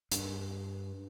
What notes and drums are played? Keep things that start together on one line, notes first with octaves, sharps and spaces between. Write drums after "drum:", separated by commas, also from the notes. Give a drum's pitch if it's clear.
G2, drum: hi-hat